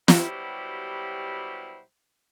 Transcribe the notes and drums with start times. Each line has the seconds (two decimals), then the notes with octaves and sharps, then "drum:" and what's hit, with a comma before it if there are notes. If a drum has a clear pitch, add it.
0.08 B2 F#3 G3 E4 G4 C5, drum: snare